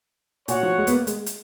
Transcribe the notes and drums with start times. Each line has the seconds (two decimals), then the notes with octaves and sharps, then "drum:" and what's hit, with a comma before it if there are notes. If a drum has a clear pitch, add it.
0.48 A#2 F#4 C#5 F#5, drum: hi-hat
0.63 F3
0.78 G#3
0.87 B3, drum: hi-hat
0.92 A#3
1.07 G#3, drum: hi-hat
1.26 drum: hi-hat